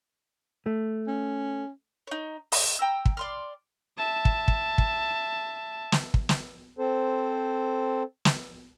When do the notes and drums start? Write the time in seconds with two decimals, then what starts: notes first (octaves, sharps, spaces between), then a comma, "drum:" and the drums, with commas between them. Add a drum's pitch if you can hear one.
0.66 A3
1.07 C#4
2.07 D#4 C#5
2.52 D#5, drum: open hi-hat
2.79 G5 A#5 E6
3.05 drum: kick
3.17 D5 C6 F6
3.98 E5 A5
4.25 drum: kick
4.48 drum: kick
4.78 drum: kick
5.92 drum: snare
6.14 drum: kick
6.29 drum: snare
6.79 C4 A4 C5
8.25 drum: snare